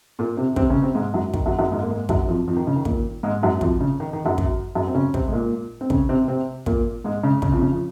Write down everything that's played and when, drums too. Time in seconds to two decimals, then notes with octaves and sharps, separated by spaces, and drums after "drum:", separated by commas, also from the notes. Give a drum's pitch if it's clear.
0.19 A#2 A#3
0.37 C3 C4
0.56 C3 C4, drum: kick
0.70 C#3 C#4
0.82 C3 C4
0.95 G#2 G#3
1.14 F#2 F#3
1.34 D#3, drum: kick
1.46 F#2 F#3
1.59 F#2 F#3
1.71 G#2 G#3
1.83 A#3
1.90 G#2 G#3
2.09 F#2 F#3, drum: kick
2.28 F2 F3
2.47 F2 F3
2.56 D#3
2.67 C#3
2.76 D#3
2.85 A#2 A#3, drum: kick
3.23 G#2 G#3
3.43 F#2 F#3
3.61 F2 F3, drum: kick
3.81 C#3
4.00 D#3
4.13 D#3
4.25 F#2 F#3
4.38 drum: kick
4.75 F#2 F#3
4.87 C4
4.94 C#3 C#4
5.14 C3 C4, drum: kick
5.28 G#3
5.33 A#2 A#3
5.81 C4
5.90 C#3 C#4, drum: kick
6.09 C3 C4
6.28 C3 C4
6.66 A#2 A#3, drum: kick
7.04 G#2 G#3
7.23 C#3
7.42 C#3, drum: kick
7.52 F2 F3
7.62 C#3
7.72 F3